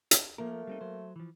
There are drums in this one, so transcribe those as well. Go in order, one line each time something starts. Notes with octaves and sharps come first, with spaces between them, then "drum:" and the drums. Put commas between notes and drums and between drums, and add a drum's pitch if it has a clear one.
drum: hi-hat
F3 A3 A#3 A#4
G3 C4 D#4
F#3 C5
E3 F3